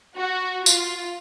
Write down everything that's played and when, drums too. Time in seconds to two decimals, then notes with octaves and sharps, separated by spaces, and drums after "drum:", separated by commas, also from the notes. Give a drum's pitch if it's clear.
0.17 F#4
0.66 F4, drum: tambourine